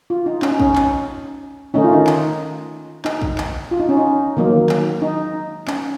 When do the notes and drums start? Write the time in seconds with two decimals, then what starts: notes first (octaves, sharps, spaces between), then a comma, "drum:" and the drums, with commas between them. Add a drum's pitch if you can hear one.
0.10 F4
0.26 D#4
0.42 C#4, drum: clap
0.51 D#4
0.60 C#4, drum: kick
0.76 drum: clap
1.74 D#3 A3 C#4 D#4
1.84 F4
1.93 D#4
2.07 drum: clap
3.05 D#4, drum: clap
3.22 drum: kick
3.38 drum: clap
3.71 F4
3.79 D#4
3.89 C#4
3.97 D#4
4.37 D#3 F#3 A#3
4.69 drum: clap
5.02 D#4
5.68 C#4, drum: clap